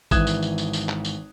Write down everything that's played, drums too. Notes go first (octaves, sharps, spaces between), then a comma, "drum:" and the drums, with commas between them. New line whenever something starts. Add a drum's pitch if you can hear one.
G#1 E3 D#6 F#6 G#6 E7, drum: kick A1, tambourine
drum: tambourine
drum: tambourine
drum: tambourine
drum: tambourine
drum: clap
drum: tambourine